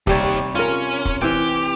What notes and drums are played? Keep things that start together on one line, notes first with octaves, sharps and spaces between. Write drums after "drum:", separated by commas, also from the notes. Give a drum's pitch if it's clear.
D#2 C3 D#3 G3 C#5, drum: kick
C#4 F4 A#4
drum: kick
E3 C4 G4 G5